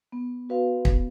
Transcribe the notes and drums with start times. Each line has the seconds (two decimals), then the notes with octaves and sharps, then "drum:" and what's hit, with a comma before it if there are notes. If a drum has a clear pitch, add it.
0.12 B3
0.49 F#4 B4 F5
0.85 B3, drum: kick